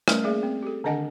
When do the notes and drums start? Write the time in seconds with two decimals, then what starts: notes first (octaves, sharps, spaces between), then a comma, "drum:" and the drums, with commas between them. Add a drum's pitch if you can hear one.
0.08 G3 A3 C#4 A#4, drum: rim click
0.24 A#3 G#4 D5 E5
0.43 C4
0.63 G4 A4
0.84 D3 D#3 D4 D#5 F#5 G#5